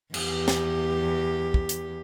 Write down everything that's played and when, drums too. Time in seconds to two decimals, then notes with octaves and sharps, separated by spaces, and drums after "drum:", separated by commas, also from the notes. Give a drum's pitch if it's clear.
0.14 E2 G4, drum: cymbal
0.48 drum: snare
1.54 drum: kick
1.69 drum: hi-hat